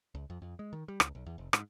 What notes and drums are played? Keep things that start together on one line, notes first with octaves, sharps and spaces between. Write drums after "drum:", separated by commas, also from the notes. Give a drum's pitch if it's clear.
C#2
F2
F2
G#3
D#3
G3
C#2, drum: rim click
B1
E2
F1
G#2, drum: rim click